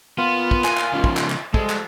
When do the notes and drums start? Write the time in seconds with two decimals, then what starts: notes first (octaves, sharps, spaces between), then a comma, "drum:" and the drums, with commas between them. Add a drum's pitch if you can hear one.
0.18 A#2 B3 F4
0.51 drum: kick
0.64 G#5, drum: clap
0.78 drum: clap
0.93 C#3 F3
1.04 drum: kick
1.17 drum: clap
1.30 drum: clap
1.54 F3 G3 G#3 A4, drum: kick
1.70 drum: clap